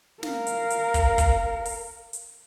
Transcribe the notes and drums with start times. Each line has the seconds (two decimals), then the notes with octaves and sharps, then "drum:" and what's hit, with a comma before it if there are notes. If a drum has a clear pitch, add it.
0.23 A#4 F5, drum: snare
0.47 drum: hi-hat
0.70 drum: hi-hat
0.94 drum: kick, hi-hat
1.18 drum: kick, hi-hat
1.65 drum: open hi-hat
2.13 drum: hi-hat